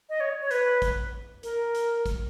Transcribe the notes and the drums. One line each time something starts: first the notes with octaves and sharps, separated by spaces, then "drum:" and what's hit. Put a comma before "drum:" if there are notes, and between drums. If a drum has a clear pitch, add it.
D#5
C#5
C#5
B4, drum: hi-hat
drum: kick, hi-hat
A#4, drum: hi-hat
drum: hi-hat
drum: kick, hi-hat